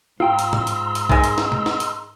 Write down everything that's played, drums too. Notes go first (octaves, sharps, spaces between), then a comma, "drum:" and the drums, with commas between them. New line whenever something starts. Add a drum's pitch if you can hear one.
G#2 F4 G5 A#5 C6 E6
drum: hi-hat
drum: tom A2
drum: hi-hat
drum: hi-hat
D#3 G#3, drum: kick B1
drum: hi-hat
drum: snare
drum: tom B2
drum: snare
drum: hi-hat